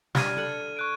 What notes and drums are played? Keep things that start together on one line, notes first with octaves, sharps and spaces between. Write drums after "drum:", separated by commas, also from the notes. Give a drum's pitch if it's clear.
G3 D4 F6 G#6 D#7, drum: snare
A4 F#5 C6
C#6 F#6 D7